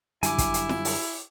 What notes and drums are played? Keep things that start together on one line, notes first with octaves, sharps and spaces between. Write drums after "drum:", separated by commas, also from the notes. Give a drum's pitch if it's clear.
F#2 D3 G3 E4 G#5 D6, drum: hi-hat
drum: kick, hi-hat
drum: hi-hat
drum: snare
drum: open hi-hat